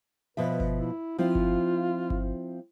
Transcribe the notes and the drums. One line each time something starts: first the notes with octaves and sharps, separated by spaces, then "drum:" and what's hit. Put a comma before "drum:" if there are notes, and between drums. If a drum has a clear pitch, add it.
B2 F3 B4 E5
drum: kick G1
E4
F3 C4 E4 F4
drum: kick G1
drum: kick G1